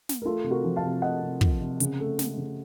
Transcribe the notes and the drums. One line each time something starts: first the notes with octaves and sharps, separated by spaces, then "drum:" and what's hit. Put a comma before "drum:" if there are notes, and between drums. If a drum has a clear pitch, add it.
drum: snare
A#4
A3 F4 A4
C3
F#4 A#4
F3
F5 A5
C3
A3 D#5 F#5
C3
F3, drum: kick
C3
C#3, drum: hi-hat
A3
A3, drum: snare
C#3